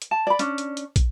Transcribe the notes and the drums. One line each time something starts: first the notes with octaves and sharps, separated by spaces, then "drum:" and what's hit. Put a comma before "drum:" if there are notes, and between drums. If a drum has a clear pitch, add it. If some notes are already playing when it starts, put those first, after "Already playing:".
drum: hi-hat
A5
D5 B5
C#4 D4, drum: hi-hat
drum: hi-hat
drum: hi-hat
drum: kick, hi-hat